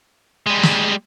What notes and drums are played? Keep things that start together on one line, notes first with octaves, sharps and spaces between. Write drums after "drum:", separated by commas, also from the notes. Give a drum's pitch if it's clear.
G3 G#3
drum: snare